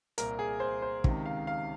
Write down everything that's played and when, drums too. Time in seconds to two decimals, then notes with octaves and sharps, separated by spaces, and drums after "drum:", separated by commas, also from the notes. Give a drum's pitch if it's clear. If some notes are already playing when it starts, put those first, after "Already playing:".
0.18 C2 A#2 A#4, drum: hi-hat
0.39 G#4
0.60 C5
0.82 C5
1.04 C#2 C3 D#3, drum: kick
1.26 F5
1.47 F5